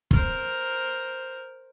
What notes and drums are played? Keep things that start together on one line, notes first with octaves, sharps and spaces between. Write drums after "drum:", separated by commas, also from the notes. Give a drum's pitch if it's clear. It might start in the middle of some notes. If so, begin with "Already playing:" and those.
A#4 C5, drum: kick